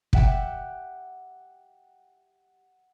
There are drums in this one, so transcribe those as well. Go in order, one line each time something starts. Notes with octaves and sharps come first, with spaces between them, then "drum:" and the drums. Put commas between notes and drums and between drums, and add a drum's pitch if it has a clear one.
G4 E5 F#5 G5 E7, drum: kick